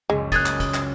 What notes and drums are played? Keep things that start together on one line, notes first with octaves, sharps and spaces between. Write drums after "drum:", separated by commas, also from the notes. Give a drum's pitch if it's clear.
F#1 C#2 G#3
G#4 A#4 D#5 F#6 G#6 A6, drum: kick, hi-hat
drum: clap
drum: kick, hi-hat
drum: clap